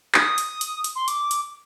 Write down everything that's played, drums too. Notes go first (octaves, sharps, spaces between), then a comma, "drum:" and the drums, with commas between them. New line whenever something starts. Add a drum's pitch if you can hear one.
D#6, drum: clap
drum: hi-hat
drum: hi-hat
drum: hi-hat
C6
D6, drum: hi-hat
drum: hi-hat